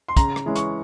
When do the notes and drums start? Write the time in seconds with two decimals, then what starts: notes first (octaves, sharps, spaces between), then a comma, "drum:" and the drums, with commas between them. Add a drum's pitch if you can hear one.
0.08 C6
0.17 C#3 A#5, drum: kick, hi-hat
0.36 drum: rim click
0.46 E3 G#3 C#4
0.56 C#6, drum: hi-hat